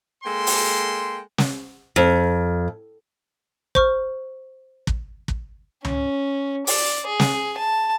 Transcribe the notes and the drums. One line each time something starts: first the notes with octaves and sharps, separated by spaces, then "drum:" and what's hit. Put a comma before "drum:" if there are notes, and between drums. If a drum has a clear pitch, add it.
G#3 A#3 A4 G5 C6
drum: open hi-hat
drum: snare
F2
C5 C#6 F6, drum: kick
drum: kick
drum: kick
C#4, drum: tom C#2
D5, drum: open hi-hat
G#4
drum: snare
A5